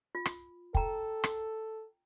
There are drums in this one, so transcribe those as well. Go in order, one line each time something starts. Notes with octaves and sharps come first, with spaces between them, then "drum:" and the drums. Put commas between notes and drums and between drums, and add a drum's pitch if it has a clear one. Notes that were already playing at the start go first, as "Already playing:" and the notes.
F4
drum: rim click
A4 G5 A#5, drum: kick
drum: rim click